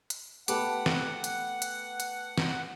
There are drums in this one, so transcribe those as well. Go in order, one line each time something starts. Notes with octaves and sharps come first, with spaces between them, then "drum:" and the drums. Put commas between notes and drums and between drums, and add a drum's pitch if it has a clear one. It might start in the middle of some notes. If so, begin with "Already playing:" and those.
drum: hi-hat
A3 B3 G4 F#5 A5 B5, drum: hi-hat
drum: snare
drum: hi-hat
drum: hi-hat
drum: hi-hat
drum: snare